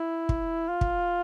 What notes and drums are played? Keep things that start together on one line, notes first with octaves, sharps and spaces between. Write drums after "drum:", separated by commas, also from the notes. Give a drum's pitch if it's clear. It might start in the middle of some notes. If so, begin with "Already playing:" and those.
Already playing: E4
drum: kick
F4
drum: kick